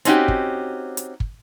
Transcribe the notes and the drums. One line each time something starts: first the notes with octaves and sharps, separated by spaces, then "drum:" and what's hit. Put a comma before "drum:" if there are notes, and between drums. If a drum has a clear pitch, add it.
C4 C#4 D#4 F#4 G4, drum: hi-hat
drum: kick
drum: hi-hat
drum: kick